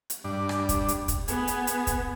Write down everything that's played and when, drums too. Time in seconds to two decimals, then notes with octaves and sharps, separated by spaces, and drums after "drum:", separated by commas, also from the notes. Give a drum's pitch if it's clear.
0.10 drum: hi-hat
0.24 G2 D4
0.49 drum: rim click
0.69 drum: kick, hi-hat
0.88 drum: hi-hat
1.08 drum: kick, hi-hat
1.28 B3 G#4, drum: hi-hat
1.48 drum: hi-hat
1.67 drum: hi-hat
1.87 drum: kick, hi-hat